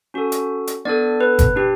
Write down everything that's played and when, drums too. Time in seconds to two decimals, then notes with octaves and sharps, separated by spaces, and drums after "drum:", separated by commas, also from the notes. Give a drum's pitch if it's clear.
0.14 C#4 F#4 A4
0.32 drum: hi-hat
0.67 drum: hi-hat
0.85 B3 D4 A4 D5
1.21 B4
1.39 drum: kick, hi-hat
1.56 D4 G4